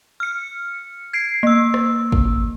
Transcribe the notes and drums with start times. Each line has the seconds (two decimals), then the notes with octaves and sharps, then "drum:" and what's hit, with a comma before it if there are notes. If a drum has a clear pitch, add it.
0.20 F6 C#7
1.13 G#6 C7 D7
1.43 A#3 E6
1.74 drum: rim click
2.12 drum: kick